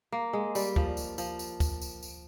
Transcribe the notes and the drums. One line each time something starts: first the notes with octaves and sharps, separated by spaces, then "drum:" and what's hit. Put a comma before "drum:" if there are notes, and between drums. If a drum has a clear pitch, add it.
A#3
G#3
G3, drum: tambourine
F3, drum: kick
drum: tambourine
F3, drum: tambourine
drum: tambourine
drum: kick, tambourine
drum: tambourine
drum: tambourine